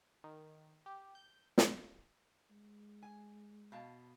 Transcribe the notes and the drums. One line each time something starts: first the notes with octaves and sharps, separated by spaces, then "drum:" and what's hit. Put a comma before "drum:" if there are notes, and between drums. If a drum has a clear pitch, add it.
D#3
G4
G6
drum: snare
G#3
G#5
B2 F5 A5